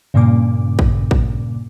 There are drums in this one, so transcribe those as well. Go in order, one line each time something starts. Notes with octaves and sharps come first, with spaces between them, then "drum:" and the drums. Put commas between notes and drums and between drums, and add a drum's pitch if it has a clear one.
G2 A#2 C#3 A#3 D6
drum: kick
drum: kick